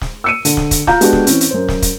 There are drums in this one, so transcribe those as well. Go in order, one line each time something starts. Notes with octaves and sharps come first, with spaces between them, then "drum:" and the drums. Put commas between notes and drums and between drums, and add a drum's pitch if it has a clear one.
drum: snare
E6 C#7 D#7
D3, drum: hi-hat
drum: snare
drum: kick, hi-hat
F4 F5 A#5 G6, drum: snare
G#3 B3 D4 F#4 G4, drum: hi-hat
drum: snare
E3 C4 C#4, drum: hi-hat
drum: hi-hat
F#2 C5
drum: snare
drum: kick, hi-hat